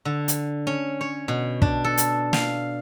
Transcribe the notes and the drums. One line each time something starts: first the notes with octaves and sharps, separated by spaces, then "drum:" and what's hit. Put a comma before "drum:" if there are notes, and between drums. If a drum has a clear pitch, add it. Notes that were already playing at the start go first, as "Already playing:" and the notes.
D3
drum: hi-hat
C#4
C#5
B2
D4, drum: kick
A4
drum: hi-hat
F5, drum: snare